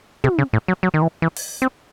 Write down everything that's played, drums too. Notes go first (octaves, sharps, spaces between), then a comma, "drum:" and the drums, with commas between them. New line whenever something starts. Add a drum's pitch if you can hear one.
C3, drum: tom
C#3
A2
F#3
F#3
D#3
E3
E3
drum: open hi-hat
C4